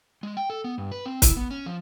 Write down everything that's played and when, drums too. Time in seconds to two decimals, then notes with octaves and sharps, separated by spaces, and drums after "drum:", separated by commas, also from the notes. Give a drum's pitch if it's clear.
0.23 G#3
0.37 G5
0.50 A4
0.64 B3
0.78 G2
0.92 B4
1.06 C4
1.22 E4, drum: kick, hi-hat
1.37 B3
1.51 C#4
1.66 F3